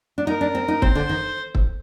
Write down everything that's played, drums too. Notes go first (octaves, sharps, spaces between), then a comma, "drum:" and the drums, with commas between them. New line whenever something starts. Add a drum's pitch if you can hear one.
D4
D#4 A#4
D4
C4
D#4
C4 C5, drum: kick
D3
D#3
drum: kick